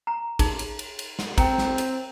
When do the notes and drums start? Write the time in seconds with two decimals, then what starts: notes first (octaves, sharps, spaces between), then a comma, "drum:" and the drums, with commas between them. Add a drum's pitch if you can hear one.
0.07 A#5
0.39 D#4 G#4, drum: kick G#1, cymbal
0.59 drum: cymbal
0.79 drum: cymbal
0.99 drum: cymbal
1.19 drum: snare
1.38 C4 G5 A#5, drum: kick G#1, cymbal
1.58 drum: snare
1.78 drum: cymbal